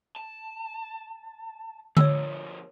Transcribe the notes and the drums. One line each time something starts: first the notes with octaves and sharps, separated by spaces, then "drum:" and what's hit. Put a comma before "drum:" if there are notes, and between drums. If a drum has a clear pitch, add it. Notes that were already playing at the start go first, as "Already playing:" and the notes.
A5
B2 F3 C#5 E6, drum: tom D3